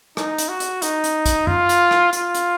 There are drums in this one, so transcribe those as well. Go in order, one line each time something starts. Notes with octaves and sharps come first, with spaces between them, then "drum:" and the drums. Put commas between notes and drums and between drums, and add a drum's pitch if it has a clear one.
D#4, drum: rim click
drum: hi-hat
F#4
drum: hi-hat
D#4, drum: hi-hat
drum: hi-hat
drum: kick A1, hi-hat
F4, drum: tom F#2
drum: hi-hat
drum: rim click
F4, drum: hi-hat
drum: hi-hat